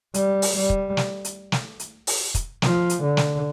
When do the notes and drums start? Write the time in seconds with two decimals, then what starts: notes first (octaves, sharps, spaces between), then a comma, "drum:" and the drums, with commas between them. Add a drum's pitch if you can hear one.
0.14 G3, drum: hi-hat
0.42 drum: open hi-hat
0.56 G3
0.70 drum: kick
0.97 drum: snare
1.25 drum: hi-hat
1.52 drum: snare
1.80 drum: hi-hat
2.07 drum: open hi-hat
2.35 drum: kick, hi-hat
2.62 F3, drum: snare
2.90 drum: hi-hat
3.03 D3
3.17 drum: snare